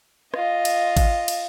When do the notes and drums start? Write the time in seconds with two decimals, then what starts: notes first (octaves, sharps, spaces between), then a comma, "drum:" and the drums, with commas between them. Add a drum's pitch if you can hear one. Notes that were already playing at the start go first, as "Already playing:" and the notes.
0.34 F4 D#5, drum: rim click
0.65 drum: cymbal
0.97 drum: kick G#1, cymbal
1.28 drum: cymbal